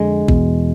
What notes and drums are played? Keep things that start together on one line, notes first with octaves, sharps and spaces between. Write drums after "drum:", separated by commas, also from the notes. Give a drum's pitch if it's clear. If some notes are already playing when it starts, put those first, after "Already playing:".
Already playing: F2 D3 G#3
E2 B2, drum: kick A#1